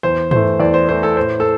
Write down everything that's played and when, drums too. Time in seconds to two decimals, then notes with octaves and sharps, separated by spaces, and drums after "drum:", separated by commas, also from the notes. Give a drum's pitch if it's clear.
0.03 E2 C5
0.31 E3 A3 C5, drum: tom
0.60 E2 D5
0.74 C5
0.89 E3 A3 C5
1.03 A4
1.16 A2 C5
1.40 A4